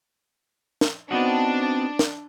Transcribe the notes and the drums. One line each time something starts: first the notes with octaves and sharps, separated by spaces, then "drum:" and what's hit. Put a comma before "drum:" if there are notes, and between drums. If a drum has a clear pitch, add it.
drum: snare
B3 C4 D4 D#4 F#4
drum: snare